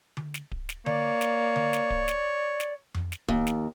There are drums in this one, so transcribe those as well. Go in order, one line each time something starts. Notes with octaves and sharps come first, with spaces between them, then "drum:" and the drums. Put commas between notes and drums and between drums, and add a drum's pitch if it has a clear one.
drum: tom D3
drum: snare
drum: kick D1
drum: snare
A#3 C#5 D5, drum: tom D3
drum: snare
drum: tom D3
drum: snare
drum: kick D1
drum: snare
drum: snare
drum: tom F2
drum: snare
D#2, drum: kick D1
drum: snare